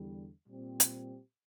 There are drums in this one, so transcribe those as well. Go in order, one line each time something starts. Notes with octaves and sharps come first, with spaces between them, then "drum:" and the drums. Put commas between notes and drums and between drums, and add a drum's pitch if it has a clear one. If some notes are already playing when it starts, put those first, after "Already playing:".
Already playing: E2 D3 G3
A#2 G3 C4 G4
drum: hi-hat